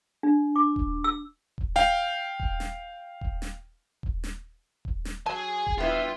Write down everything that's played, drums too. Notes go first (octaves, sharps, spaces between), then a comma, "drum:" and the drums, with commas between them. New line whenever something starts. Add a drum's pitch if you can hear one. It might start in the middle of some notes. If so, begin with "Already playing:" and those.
D4
D6
drum: kick D#1
E6
drum: kick D#1
F5 G5, drum: snare
drum: kick D#1
drum: snare
drum: kick D#1
drum: snare
drum: kick D#1
drum: snare
drum: kick D#1
drum: snare
F#3 G#4 G#5 A5
drum: kick D#1
G2 B3 E4 F4 E5 G5